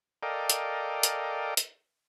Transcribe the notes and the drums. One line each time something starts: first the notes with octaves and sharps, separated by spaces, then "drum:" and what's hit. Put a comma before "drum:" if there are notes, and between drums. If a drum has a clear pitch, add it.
A4 A#4 D5 D#5 F5 G5
drum: hi-hat
drum: hi-hat
drum: hi-hat